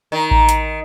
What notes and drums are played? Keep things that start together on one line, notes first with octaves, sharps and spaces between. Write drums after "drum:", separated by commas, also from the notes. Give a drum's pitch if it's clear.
D#3
drum: kick A1
drum: hi-hat